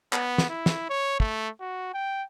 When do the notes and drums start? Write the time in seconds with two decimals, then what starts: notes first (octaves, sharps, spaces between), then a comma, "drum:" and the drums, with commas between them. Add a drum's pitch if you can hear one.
0.13 B3, drum: clap
0.38 drum: snare
0.50 E4
0.66 drum: snare
0.90 C#5
1.20 A3, drum: kick
1.61 F#4
1.94 G5